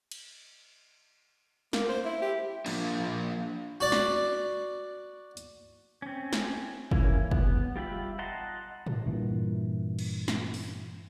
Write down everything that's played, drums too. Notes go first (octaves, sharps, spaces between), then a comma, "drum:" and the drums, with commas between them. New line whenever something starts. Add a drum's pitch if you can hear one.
drum: cymbal
A#3, drum: snare
C5
E4
G4
F3 A#3 D4, drum: cymbal
F#4 D5
drum: snare
drum: hi-hat
C4 C#4
drum: snare
E3 A#3 C#4 E4, drum: kick
B3, drum: kick
G3 F4 G4 E5 B5
D#5 F#5 A5 A#5 C6
drum: tom G#2
G2 A#2 E3
drum: cymbal
drum: snare
drum: open hi-hat